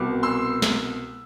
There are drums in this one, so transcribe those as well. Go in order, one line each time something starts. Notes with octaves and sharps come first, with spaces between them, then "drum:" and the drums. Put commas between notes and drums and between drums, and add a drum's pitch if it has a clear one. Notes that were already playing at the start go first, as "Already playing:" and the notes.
Already playing: C2 B2 B3 D6
C6 E6
drum: snare